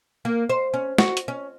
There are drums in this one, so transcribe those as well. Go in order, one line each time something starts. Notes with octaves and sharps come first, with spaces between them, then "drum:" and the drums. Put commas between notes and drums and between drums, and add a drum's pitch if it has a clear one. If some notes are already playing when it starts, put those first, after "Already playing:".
A#3
C5
C#4
F#4, drum: snare
drum: hi-hat
C#4